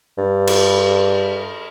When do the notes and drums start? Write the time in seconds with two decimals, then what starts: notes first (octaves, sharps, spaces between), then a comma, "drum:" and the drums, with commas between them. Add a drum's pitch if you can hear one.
0.18 G2
0.47 drum: cymbal